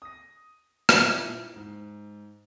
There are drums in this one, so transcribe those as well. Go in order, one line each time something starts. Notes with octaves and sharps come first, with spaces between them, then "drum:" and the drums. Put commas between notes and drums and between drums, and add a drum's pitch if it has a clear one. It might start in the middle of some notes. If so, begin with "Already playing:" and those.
D#6 A#6
A#2 E4, drum: rim click
G#2